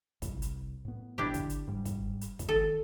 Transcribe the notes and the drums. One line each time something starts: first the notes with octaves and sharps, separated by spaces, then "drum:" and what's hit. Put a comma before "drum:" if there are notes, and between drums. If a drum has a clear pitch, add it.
C2, drum: kick, hi-hat
drum: hi-hat
A2 B3
A1 B2 D4 E4 G4
D3, drum: kick, hi-hat
drum: hi-hat
G#2 G3
drum: kick, hi-hat
drum: hi-hat
drum: kick, hi-hat
D#3 A4